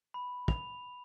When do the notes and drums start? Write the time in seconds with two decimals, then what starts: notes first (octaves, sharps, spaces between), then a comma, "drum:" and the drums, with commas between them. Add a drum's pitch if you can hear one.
0.14 B5
0.48 F7, drum: kick